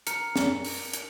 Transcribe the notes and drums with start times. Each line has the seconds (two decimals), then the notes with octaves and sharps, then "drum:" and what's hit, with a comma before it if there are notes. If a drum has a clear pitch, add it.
0.07 A#4 C#7, drum: hi-hat
0.36 drum: snare
0.65 drum: open hi-hat
0.93 drum: hi-hat